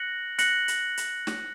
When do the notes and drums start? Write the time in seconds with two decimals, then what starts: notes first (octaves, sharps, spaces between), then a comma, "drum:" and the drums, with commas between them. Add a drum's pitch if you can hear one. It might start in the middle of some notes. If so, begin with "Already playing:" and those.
Already playing: F#6 A#6 C#7 F#7
0.38 F#6 A#6 C#7 F#7, drum: hi-hat
0.68 drum: hi-hat
0.97 drum: hi-hat
1.27 drum: snare